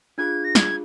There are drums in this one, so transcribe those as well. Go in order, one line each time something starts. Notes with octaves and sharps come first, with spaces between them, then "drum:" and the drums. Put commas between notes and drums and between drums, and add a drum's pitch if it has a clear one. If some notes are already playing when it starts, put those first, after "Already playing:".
D4 F4 G#4 G#6
A#6
G#6, drum: snare